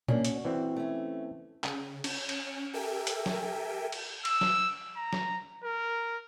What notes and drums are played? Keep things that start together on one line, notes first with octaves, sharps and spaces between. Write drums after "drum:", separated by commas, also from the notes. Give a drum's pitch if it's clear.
A#3 C#4 D4, drum: tom A#2
F#4, drum: hi-hat
E3 C4
A3 C#4
C#3, drum: clap
C#4, drum: cymbal
drum: cymbal
G4 A4 A#4 E5 G5 G#5
drum: hi-hat
drum: snare
drum: cymbal
E6, drum: cymbal
drum: snare
A#5
drum: snare
A#4